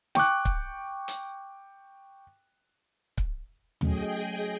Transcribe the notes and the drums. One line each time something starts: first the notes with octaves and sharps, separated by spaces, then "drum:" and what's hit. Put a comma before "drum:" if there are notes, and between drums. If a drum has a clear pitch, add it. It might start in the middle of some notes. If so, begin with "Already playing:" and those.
G5 C#6 D6 F#6, drum: snare
drum: kick C#1
drum: hi-hat
drum: kick C#1
F#3 A3 C#4 G#4 D#5 G5, drum: tom